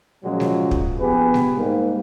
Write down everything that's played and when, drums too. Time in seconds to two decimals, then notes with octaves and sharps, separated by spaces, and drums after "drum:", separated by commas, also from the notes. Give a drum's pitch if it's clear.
0.24 A#2 C#3 F3 F#3 G#3
0.40 drum: snare G3
0.71 drum: kick
1.00 A#1 B3 G4 G#4 B4
1.34 drum: snare G3
1.58 G#2 G3 A#3